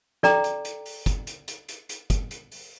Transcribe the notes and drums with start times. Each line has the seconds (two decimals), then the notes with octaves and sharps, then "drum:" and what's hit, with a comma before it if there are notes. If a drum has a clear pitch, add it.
0.23 A4 D5 G5 A#5 D6, drum: snare
0.44 drum: hi-hat
0.65 drum: hi-hat
0.85 drum: open hi-hat
1.06 drum: kick, hi-hat
1.27 drum: hi-hat
1.48 drum: hi-hat
1.68 drum: hi-hat
1.89 drum: hi-hat
2.10 drum: kick, hi-hat
2.31 drum: hi-hat
2.51 drum: open hi-hat